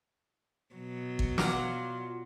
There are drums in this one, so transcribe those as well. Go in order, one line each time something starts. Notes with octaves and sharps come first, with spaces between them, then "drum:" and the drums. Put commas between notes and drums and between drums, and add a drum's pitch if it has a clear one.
B2 F#3
drum: kick
F4 D5 F5 F#5, drum: snare